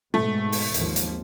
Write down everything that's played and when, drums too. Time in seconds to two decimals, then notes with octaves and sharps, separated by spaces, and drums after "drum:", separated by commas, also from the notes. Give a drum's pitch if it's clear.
0.14 G#2 B2 A3
0.52 drum: open hi-hat
0.74 G#1 D#2 F3, drum: hi-hat
0.96 drum: hi-hat